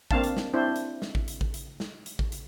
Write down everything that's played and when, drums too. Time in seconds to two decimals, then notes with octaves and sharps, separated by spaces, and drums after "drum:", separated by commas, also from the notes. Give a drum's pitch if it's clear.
0.11 A#3 C4 D4 F5 A5, drum: kick A1
0.24 drum: hi-hat
0.37 drum: snare
0.54 C4 D4 E4 C5
0.76 drum: hi-hat
1.02 drum: snare
1.15 drum: kick A1
1.28 drum: hi-hat
1.41 drum: kick A1
1.54 drum: hi-hat
1.80 drum: snare
2.06 drum: hi-hat
2.19 drum: kick A1
2.32 drum: hi-hat